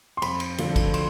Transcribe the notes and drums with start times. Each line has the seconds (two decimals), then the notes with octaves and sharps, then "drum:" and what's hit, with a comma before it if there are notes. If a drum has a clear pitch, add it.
0.17 C6
0.22 F2 B5, drum: cymbal
0.40 drum: cymbal
0.58 D3 F3 A3 C4, drum: cymbal
0.76 drum: kick, cymbal
0.94 C6, drum: cymbal